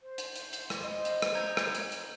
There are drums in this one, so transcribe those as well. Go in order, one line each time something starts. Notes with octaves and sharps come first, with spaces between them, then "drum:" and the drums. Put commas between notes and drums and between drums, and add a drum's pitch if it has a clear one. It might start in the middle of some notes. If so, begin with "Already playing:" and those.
C5
drum: hi-hat
drum: hi-hat
drum: hi-hat
drum: rim click
D#5
drum: hi-hat
drum: rim click
A#5 G6 G#6
drum: rim click
drum: hi-hat
drum: hi-hat